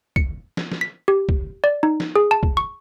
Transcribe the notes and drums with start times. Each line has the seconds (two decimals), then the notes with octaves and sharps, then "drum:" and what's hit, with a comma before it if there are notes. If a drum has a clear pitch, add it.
0.16 C#7, drum: kick
0.57 drum: snare
0.72 drum: snare
0.81 B6
1.08 G4
1.29 drum: kick
1.64 D5
1.83 D#4
2.00 drum: snare
2.16 G#4
2.31 A5
2.43 drum: kick
2.57 C#6